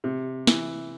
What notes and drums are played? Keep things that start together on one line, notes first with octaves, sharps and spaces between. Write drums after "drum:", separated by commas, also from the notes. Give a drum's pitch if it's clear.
C3
E3, drum: snare